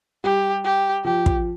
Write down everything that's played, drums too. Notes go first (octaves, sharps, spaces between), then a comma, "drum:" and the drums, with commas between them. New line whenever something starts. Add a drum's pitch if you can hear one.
G3 G4
G4
F3 G4
drum: kick